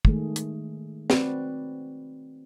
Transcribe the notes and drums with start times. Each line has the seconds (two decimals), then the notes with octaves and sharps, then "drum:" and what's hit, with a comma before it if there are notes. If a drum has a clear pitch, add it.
0.05 D#3 G#3 A3 G#4, drum: kick
0.36 drum: hi-hat
1.10 C4 F#4 B4 D5, drum: snare